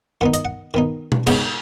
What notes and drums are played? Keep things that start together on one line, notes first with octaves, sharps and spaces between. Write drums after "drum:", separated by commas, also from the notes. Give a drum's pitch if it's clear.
D#3 B3 D#4 F#5
D#5, drum: hi-hat
F#5
D#3 B3 D#4
drum: tom B2
C#3 G#3 B3 D#4 F#5, drum: cymbal